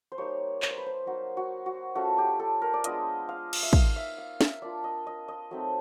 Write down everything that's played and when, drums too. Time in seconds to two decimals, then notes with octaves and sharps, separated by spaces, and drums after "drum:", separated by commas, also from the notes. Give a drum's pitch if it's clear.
0.12 C5
0.18 G3 A#3 D#4 C#5
0.62 C#5, drum: clap
0.70 C5
0.78 B4
0.86 C5
1.06 F#3 A#3 D#4 F#4
1.37 F#4
1.66 F#4
1.95 A3 C#4 F4 F#4
2.18 G4
2.40 A4
2.62 A#4
2.74 D5
2.84 G#3 B3 D4 F4 D#5, drum: hi-hat
3.29 F5
3.53 drum: cymbal
3.63 E5
3.73 A#3 D#4 F5, drum: kick
3.96 E5
4.18 F5
4.41 E5, drum: snare
4.62 A#3 D4 F4 D5
4.84 D#5
5.07 D#5
5.28 D#5
5.51 F#3 A3 C4 D#4